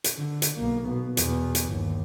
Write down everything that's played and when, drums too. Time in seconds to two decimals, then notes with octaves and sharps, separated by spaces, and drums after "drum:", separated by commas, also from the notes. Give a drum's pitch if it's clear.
0.04 drum: hi-hat
0.17 D3
0.42 drum: hi-hat
0.58 B1 A#3
0.88 B2
1.17 E2 B2, drum: hi-hat
1.55 drum: hi-hat
1.70 G1 D#2